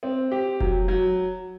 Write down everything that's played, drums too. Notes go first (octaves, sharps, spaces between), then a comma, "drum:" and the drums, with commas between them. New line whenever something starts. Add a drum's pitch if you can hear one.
C4
G4
F#3, drum: kick F1
F#3